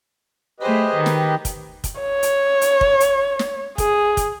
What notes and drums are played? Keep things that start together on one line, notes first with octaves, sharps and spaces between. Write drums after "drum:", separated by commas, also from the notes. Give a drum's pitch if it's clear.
A3 G4 G#4 B4 C5 D#5
D#3
drum: snare
drum: kick, hi-hat
drum: kick, hi-hat
C#5
drum: hi-hat
drum: hi-hat
drum: kick
drum: hi-hat
drum: snare
G#4, drum: kick, hi-hat
drum: kick, hi-hat